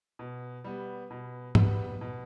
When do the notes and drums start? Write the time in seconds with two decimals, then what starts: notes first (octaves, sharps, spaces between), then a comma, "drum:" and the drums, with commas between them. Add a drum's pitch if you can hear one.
0.19 B2
0.64 G3 B3
1.11 B2
1.55 G3 B3, drum: tom
2.01 B2